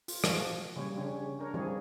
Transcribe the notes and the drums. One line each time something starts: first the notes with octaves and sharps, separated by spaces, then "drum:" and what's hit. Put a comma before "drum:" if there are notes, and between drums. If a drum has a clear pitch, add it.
F4, drum: open hi-hat
F3 F#4, drum: rim click
C#3 G3 A#3 C#5
C#3 C#4 D4 G4
D4 A#4 C#5
E3 F3 G3 C4 G#4 C#5